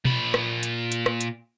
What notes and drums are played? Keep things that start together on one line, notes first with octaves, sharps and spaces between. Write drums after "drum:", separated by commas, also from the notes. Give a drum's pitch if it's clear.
A#2 B5, drum: tom B2
drum: rim click
drum: hi-hat
drum: hi-hat
drum: rim click
drum: hi-hat